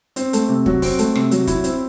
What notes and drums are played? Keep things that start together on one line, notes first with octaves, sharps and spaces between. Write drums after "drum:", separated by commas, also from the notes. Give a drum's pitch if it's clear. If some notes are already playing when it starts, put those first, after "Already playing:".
C4, drum: hi-hat
A3, drum: hi-hat
C3
F#3, drum: kick
C4, drum: kick, open hi-hat
A3, drum: hi-hat
C3, drum: rim click
F#3, drum: hi-hat
E4, drum: kick, hi-hat
C4, drum: hi-hat